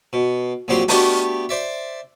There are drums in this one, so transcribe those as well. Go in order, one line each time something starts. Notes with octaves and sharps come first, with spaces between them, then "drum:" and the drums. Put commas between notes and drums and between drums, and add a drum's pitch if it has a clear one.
B2
A#1 A#2 F#3 C4 G4 C6
A3 B3 D4 F#4 G4, drum: open hi-hat
C5 D5 E5